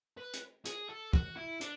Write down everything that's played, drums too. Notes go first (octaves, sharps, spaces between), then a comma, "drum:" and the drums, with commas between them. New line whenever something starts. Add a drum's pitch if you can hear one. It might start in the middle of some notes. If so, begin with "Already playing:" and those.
B4
drum: hi-hat
G#4, drum: hi-hat
A4
F#4, drum: kick
E4
D4, drum: hi-hat